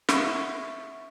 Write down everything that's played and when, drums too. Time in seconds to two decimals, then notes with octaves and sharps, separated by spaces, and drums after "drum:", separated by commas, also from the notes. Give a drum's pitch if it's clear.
0.09 E5 F#5 C#6 A6 B6, drum: snare